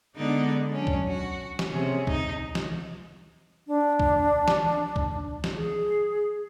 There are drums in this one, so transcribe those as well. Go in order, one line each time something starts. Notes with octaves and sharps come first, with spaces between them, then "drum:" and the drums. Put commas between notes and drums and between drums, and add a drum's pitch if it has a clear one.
D3 G#3 B3 D4 D#4 D5
F#3 C#4 D4
drum: kick B1
F#4
drum: snare
C3 C#4 G#4
D#4, drum: kick B1
drum: snare
D4
drum: kick B1
drum: snare
drum: kick B1
drum: snare
G#4